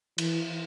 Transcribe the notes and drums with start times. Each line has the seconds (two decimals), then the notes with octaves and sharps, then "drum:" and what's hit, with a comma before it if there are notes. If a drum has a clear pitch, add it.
0.18 E3, drum: cymbal